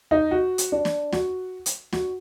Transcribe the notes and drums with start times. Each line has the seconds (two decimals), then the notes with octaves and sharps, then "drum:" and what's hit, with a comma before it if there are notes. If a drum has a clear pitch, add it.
0.11 D#4
0.31 F#4
0.58 drum: hi-hat
0.72 D4
0.85 drum: snare
1.12 F#4, drum: snare
1.66 drum: hi-hat
1.93 F#4, drum: snare